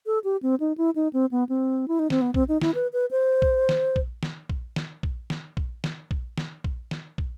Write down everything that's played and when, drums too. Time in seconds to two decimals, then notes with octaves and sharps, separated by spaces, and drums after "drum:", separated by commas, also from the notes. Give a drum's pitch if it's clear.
0.06 A4
0.24 G4
0.43 C4
0.60 D#4
0.78 E4
0.96 D#4
1.13 C4
1.31 B3
1.49 C4
1.88 E4
1.99 D#4
2.10 C4, drum: snare
2.21 B3
2.34 C4, drum: kick
2.48 D#4
2.62 E4, drum: snare
2.75 B4
2.93 B4
3.11 C5
3.42 drum: kick
3.69 drum: snare
3.96 drum: kick
4.23 drum: snare
4.49 drum: kick
4.76 drum: snare
5.03 drum: kick
5.30 drum: snare
5.57 drum: kick
5.84 drum: snare
6.11 drum: kick
6.38 drum: snare
6.64 drum: kick
6.91 drum: snare
7.18 drum: kick